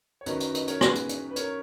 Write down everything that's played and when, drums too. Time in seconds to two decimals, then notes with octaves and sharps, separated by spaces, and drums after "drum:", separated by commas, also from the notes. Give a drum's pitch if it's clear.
0.21 C#5
0.26 F#2 D#3 F#3 B4 D#5, drum: hi-hat
0.40 B4 D#5, drum: hi-hat
0.54 B4 D#5, drum: hi-hat
0.68 A#4 C#5, drum: hi-hat
0.81 G#4 B4, drum: rim click
0.95 drum: hi-hat
1.09 drum: hi-hat
1.31 B4
1.36 A#4 C#5, drum: hi-hat